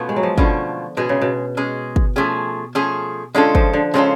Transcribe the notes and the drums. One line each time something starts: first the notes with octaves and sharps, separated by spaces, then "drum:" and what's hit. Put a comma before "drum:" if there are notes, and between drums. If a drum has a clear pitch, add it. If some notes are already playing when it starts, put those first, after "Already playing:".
Already playing: B2 A3 B3 C#4 F4
G#3
F#3
F3
B2 D3 A3 C#4 F4, drum: kick
B2 G#3 C#4 G#4
C#3
B2
G#3 C#4 G#4
drum: kick
F3 A3 C#4 G#4
F3 A3 C#4 G#4
D3 G#3 C#4 F4 A4
F3, drum: kick
D3
C#3 G#3 C#4 F4 A4